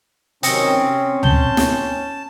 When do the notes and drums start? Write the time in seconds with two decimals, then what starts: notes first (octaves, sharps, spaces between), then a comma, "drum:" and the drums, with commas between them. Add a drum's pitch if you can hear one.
0.43 C3 D#3 F#3 C4 C#4 D#6 A#6 C#7, drum: hi-hat
0.83 C3
1.23 A5 G6 G7, drum: tom C#2
1.57 drum: snare